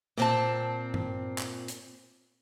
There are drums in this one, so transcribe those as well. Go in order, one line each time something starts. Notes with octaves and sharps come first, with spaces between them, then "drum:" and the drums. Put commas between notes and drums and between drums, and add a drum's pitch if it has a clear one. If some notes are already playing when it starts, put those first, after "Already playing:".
A#2 C4 A5, drum: snare
drum: tom G2
drum: clap
drum: hi-hat